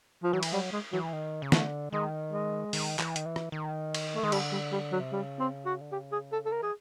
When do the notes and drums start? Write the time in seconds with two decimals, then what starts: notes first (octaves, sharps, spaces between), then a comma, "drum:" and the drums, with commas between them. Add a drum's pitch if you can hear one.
0.23 F3
0.33 E3 F#3
0.43 drum: cymbal
0.52 F#3 G3
0.73 G#3
0.92 E3 F#3
1.13 D#3
1.42 C#3
1.52 D3 A3, drum: snare
1.92 D#3 G#3
2.32 G#3
2.73 D#3, drum: open hi-hat
2.99 E3, drum: clap
3.16 D#3, drum: hi-hat
3.25 E3
3.36 drum: rim click
3.52 D#3
3.95 drum: cymbal
4.15 A3
4.23 D#3 G#3
4.32 D3 G3, drum: cymbal
4.52 G3
4.72 G3
4.92 F#3
5.00 C3
5.12 C#3 G3
5.39 C4
5.65 F#4
5.81 D3
5.92 C#3 G4
6.12 G#4
6.32 A4
6.45 A4
6.52 A#4
6.61 E3 G#4